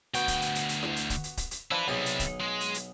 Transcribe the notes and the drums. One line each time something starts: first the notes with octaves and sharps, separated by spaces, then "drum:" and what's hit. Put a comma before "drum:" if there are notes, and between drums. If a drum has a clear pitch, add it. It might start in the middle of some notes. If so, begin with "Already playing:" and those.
D2 B3 F#4 G5, drum: hi-hat
drum: kick, hi-hat
drum: hi-hat
drum: hi-hat
drum: hi-hat
drum: snare E4
drum: hi-hat
drum: kick, hi-hat
drum: hi-hat
drum: kick, hi-hat
drum: hi-hat
F3 D4 E4 B4
B1 C3 G3 G#4
drum: hi-hat
drum: kick, hi-hat
G#3
drum: hi-hat
drum: hi-hat